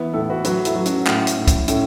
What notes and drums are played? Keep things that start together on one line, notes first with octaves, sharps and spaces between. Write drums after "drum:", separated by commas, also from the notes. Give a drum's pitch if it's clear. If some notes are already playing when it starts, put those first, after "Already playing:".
Already playing: E3 B3
A2 E4 A4
F#4 B4
F#3 F#4 B4, drum: hi-hat
E4 A4, drum: hi-hat
F#3
C#4 F#4, drum: hi-hat
A2, drum: clap
drum: hi-hat
A2
drum: kick, hi-hat
A2 A3 C#4, drum: hi-hat